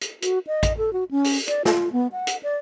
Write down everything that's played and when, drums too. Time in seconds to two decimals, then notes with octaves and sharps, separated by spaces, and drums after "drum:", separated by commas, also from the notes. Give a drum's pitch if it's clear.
0.01 drum: hi-hat
0.22 F#4, drum: hi-hat
0.47 D#5
0.63 drum: kick A1, hi-hat
0.78 A4
0.93 F#4
1.11 C#4
1.24 drum: open hi-hat
1.48 D5, drum: hi-hat
1.65 F4, drum: snare
1.92 B3
2.12 F#5
2.27 drum: hi-hat
2.43 D5